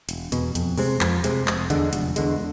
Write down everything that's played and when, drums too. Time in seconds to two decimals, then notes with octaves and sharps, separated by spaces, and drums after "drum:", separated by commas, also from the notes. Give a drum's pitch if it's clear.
0.09 E1, drum: hi-hat
0.32 E2 B2, drum: hi-hat
0.55 F2, drum: hi-hat
0.78 C3 G#3 C4, drum: open hi-hat
1.01 F2, drum: clap
1.24 C3 G#3 C4, drum: hi-hat
1.48 F1, drum: clap
1.70 E2 D3 G#3, drum: hi-hat
1.93 F1, drum: hi-hat
2.16 E2 D3 G#3, drum: hi-hat